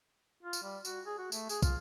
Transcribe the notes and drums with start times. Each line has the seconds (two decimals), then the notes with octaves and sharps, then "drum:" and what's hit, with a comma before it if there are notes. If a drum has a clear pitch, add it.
0.43 F4
0.53 drum: tambourine
0.63 G3
0.85 F#4, drum: tambourine
1.06 G#4
1.18 F#4
1.32 A3, drum: tambourine
1.49 G#4, drum: tambourine
1.62 F4, drum: kick, tambourine